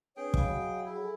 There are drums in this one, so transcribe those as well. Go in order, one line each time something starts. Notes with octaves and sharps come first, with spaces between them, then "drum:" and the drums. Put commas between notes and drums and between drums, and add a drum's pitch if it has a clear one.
C4 D4 G#4 B4 C#5 G5
D#5 F5 B5, drum: kick
F#3
E4 G#4
A4 G#5